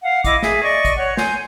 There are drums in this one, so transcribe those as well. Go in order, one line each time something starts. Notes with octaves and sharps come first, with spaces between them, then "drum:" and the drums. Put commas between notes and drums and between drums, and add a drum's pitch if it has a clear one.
F5 F#5
E4 D#5 D6, drum: kick A1, hi-hat
G#4 E5, drum: snare
D5 D#5 C#6
drum: kick A1, hi-hat
C#5 F#5
G#5 C6 G6, drum: snare